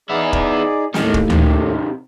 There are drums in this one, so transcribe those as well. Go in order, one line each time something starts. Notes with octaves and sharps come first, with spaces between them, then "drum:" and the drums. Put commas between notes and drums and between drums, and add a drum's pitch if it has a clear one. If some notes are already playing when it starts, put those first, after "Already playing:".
B3 D#4 E4 G#4 D5
drum: kick
D#2 A2 D#3 G#3, drum: snare
drum: kick
C3 D#3, drum: tom D2